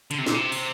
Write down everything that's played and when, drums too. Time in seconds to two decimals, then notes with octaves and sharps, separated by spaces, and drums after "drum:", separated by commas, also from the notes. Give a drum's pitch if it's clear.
0.11 D3, drum: hi-hat
0.18 C3
0.26 A#2, drum: snare
0.34 C3
0.52 drum: open hi-hat